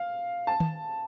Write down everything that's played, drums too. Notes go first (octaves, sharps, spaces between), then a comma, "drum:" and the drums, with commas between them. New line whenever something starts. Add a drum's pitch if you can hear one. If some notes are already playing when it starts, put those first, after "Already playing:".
Already playing: F5
A5
drum: tom D#3